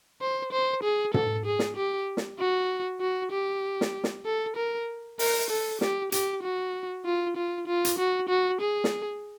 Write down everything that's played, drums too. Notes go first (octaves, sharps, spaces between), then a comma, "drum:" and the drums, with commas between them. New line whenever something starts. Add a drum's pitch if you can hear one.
C5
C5
G#4
A4, drum: tom
G#4
drum: snare
G4
drum: snare
F#4
F#4
G4
drum: snare
drum: snare
A4
A#4
A#4, drum: open hi-hat
A4
G4, drum: snare
G4, drum: hi-hat
F#4
F4
F4
F4
drum: hi-hat
F#4
F#4
G#4
drum: snare